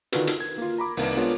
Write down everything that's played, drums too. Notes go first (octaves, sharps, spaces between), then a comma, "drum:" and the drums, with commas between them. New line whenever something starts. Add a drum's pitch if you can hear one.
D3 D#3 D4 F4 F#4 B4, drum: hi-hat
drum: hi-hat
G#6
A#3 F4
A#5 B5 D6
C2 D#3 A#3 B4 A5, drum: open hi-hat
G#3 B3 D4 F4 A#4 C#5